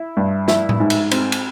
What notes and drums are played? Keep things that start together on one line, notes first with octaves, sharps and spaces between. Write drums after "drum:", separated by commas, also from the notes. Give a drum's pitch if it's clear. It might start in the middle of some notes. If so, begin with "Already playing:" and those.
Already playing: E4
G2
E4, drum: snare
drum: tom A2
G#2
drum: cymbal
C4, drum: cymbal
drum: cymbal